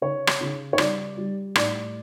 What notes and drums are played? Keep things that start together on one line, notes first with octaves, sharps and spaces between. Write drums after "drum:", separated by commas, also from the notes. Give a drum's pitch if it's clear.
C#3 C#5
drum: rim click
C#3
C#5
G3 D5, drum: rim click
G3
A2 D5, drum: rim click